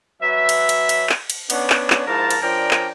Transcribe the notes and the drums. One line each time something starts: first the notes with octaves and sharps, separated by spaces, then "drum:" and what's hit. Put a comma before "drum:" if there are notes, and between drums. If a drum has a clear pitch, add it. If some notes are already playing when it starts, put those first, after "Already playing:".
F#3 C#4 B4 E5
drum: cymbal
drum: cymbal
drum: cymbal
drum: clap
drum: cymbal
B3 C#4 D4, drum: cymbal
drum: clap
drum: clap
G#2 F3 E4 A#4 A5
drum: cymbal
F3 C#4 D4 A#4 D5 G5
drum: clap